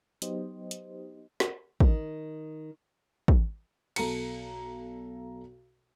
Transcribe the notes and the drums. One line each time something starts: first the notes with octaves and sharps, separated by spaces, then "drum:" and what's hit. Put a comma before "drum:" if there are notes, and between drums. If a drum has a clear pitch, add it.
F#3 B3 D#4 G4 C5 D#5, drum: hi-hat
drum: hi-hat
drum: snare
D#3, drum: kick
drum: kick
B1 A4 A#5 C#7, drum: cymbal